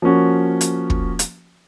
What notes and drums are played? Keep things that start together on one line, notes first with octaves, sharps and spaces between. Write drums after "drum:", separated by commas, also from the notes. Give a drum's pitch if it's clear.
F3 A#3 C#4 F#4
drum: hi-hat
drum: kick
drum: hi-hat